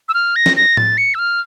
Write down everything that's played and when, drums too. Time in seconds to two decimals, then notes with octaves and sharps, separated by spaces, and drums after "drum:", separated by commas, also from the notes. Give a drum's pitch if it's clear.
0.09 E6
0.14 F6
0.36 A#6
0.46 drum: snare
0.57 A#6
0.77 A6, drum: tom A2
0.98 C#7
1.14 E6
1.19 F6